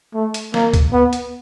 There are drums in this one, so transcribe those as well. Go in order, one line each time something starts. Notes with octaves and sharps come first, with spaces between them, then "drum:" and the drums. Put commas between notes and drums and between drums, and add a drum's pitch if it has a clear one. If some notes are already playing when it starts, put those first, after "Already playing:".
A3
drum: hi-hat
A#3, drum: snare
drum: kick C#2, hi-hat
B3
drum: hi-hat